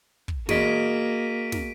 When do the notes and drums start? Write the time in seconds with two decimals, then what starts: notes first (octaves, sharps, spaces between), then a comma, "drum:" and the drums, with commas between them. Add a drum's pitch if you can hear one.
0.28 drum: kick
0.49 A#3 F#4 G#4 D#5 B6 D7 D#7, drum: snare
1.52 drum: snare